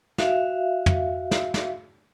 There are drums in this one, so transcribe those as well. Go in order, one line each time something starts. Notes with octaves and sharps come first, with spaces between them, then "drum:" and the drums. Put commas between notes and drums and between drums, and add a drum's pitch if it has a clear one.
F#4 E5 F5, drum: snare
drum: tom
drum: snare
drum: snare